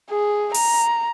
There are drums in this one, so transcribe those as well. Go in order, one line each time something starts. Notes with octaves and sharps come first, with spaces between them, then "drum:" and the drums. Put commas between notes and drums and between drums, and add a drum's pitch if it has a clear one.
G#4
A#5, drum: open hi-hat